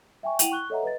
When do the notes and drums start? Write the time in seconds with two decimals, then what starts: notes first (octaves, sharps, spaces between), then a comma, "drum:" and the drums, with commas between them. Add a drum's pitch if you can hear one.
0.23 E5 G5 G#5 C#6
0.39 E4 F#5 G5 D#7 F7 F#7, drum: hi-hat
0.52 C#6 F#6 G7
0.70 A4 C#5 D#5 E5 F#5 A#5
0.83 B4 D#5 A6